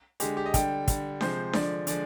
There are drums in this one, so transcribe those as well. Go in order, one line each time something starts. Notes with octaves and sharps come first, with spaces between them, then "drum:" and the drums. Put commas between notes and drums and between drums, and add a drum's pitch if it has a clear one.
D3 G#3 G4, drum: hi-hat
G4
D#5
D3 G3 G5, drum: kick, hi-hat
D3 G3, drum: kick, hi-hat
C3 F3 G#3 C5, drum: snare D4
D3 F3 G#3 D5, drum: snare D4
D3 F3 G#3 D5, drum: hi-hat